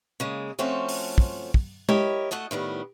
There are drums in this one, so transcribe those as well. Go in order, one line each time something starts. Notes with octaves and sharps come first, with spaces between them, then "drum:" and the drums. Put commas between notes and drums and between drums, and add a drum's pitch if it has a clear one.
C#3 G#3 A#3
F3 A3 C4 C#4 F#4 A4
drum: open hi-hat
drum: kick
drum: kick
E4 G4 A#4 C#5 D#5 A5, drum: tom G#3
A3 F#4 D#5 A5
A2 D#3 G3 B3